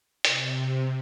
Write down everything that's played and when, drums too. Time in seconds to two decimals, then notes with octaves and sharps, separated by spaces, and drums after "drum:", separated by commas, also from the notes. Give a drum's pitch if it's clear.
0.25 C3, drum: hi-hat